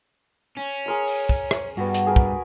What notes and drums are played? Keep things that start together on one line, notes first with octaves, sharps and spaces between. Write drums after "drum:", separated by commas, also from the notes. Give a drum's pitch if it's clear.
C#4
G#4 A#4 C6
drum: open hi-hat
drum: kick
drum: rim click
G2 B3 F#4
drum: hi-hat
G#4 A#4 B4
drum: kick